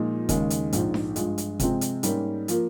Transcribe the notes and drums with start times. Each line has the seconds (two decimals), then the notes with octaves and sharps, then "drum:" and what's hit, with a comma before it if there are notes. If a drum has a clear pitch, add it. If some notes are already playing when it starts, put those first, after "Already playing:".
Already playing: A#2 F3 G#3 D#4
0.29 D#2 C#3 G#3, drum: kick E1, hi-hat
0.50 drum: hi-hat
0.73 A#1 G#2 F3, drum: hi-hat
0.94 drum: snare D4
1.16 G2 F3 G#3, drum: hi-hat
1.38 drum: hi-hat
1.60 C3 F3 G#3 C4, drum: kick E1, hi-hat
1.81 drum: hi-hat
2.03 G#2 G3 A#3 C#4, drum: hi-hat
2.48 F3 A#3, drum: hi-hat